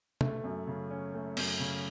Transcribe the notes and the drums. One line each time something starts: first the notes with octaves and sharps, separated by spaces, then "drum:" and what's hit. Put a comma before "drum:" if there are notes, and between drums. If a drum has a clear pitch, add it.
A3, drum: tom C3
F#2
C#3
C#4
A3
F#2, drum: cymbal
C#3